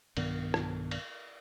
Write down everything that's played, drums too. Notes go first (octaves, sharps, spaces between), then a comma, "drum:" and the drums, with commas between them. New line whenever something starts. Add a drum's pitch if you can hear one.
B1 G2 D#3 B3, drum: cymbal
drum: rim click
drum: cymbal